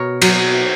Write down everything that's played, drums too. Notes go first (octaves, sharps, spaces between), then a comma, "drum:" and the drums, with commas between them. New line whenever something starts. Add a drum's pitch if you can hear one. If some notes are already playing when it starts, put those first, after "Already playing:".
Already playing: B2 A#4 C#5
F#3, drum: cymbal